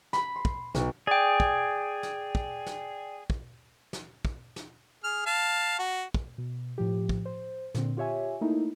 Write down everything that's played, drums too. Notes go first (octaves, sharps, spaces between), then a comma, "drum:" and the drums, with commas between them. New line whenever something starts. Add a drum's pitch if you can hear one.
B5, drum: snare
C6
drum: kick
B1, drum: snare
G#4 D5 G5
drum: kick
drum: snare
drum: kick
drum: snare
drum: kick
drum: snare
drum: kick
drum: snare
G#4 F6
F5 A5
F#4
drum: kick
B2
A2 F3 G4
drum: kick
C5
A#2 D3 C4, drum: snare
F4 G4 C#5 E5 G#5
A3 A#3 D#4 E4